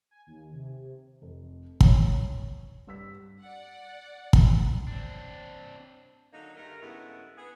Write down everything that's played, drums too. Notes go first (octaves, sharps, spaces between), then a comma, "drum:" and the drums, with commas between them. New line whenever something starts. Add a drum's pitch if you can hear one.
G#5
D#2
C3
F1
C#5, drum: kick
G2 E6 B6
D5 F#5
drum: kick
C4 D4
D3 F#3 A#3 D#4
G2 D#3 A3 A#4
G2 C#3 G#3 A3 B3 E4
B3 G#4